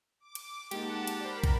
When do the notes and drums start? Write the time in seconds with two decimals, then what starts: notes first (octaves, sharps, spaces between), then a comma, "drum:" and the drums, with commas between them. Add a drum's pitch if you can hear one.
0.20 D6
0.35 drum: cymbal
0.71 G#3 A#3 D#4 G4 F#5 A5, drum: cymbal
1.07 drum: cymbal
1.21 A#4 C5 D5 B5
1.44 drum: kick, cymbal